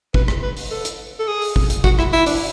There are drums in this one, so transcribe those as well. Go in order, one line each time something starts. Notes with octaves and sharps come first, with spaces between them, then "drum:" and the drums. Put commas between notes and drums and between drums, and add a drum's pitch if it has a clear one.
B4, drum: kick
drum: rim click
B4
drum: open hi-hat
A4
drum: hi-hat
A4
G#4
drum: open hi-hat
drum: kick
drum: hi-hat
F#4, drum: kick
E4, drum: rim click
E4
D4, drum: open hi-hat